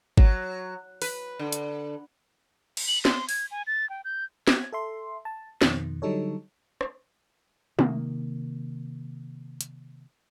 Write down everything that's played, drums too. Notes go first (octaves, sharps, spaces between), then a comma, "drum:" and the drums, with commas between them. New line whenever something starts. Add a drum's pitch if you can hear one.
F#3, drum: kick G#1
B4, drum: open hi-hat
D3
drum: hi-hat
drum: cymbal
F#7
C6, drum: snare
G#6, drum: open hi-hat
G#5
A6
G5
G6
G#6, drum: snare
A4 E5 C6
A5
F2 B2 D#3, drum: snare
D3 F#3 G3 D#4 A4 C#5
drum: rim click
C3 D#3 A#3, drum: tom
drum: hi-hat